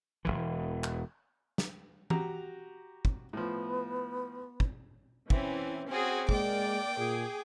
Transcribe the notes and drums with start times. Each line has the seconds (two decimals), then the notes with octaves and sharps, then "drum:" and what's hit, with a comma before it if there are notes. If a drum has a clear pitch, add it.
0.25 E1 B1 E3
0.84 drum: clap
1.58 drum: snare
2.10 F#4 G4 A#5, drum: tom
3.05 drum: kick
3.33 A2 F3 B3
4.60 drum: kick
5.30 E3 C4 C#4, drum: kick
5.88 C4 C#4 F#4 G#4
6.29 G#3 A#3 D5 G5 D6, drum: kick
6.98 A#2 G#4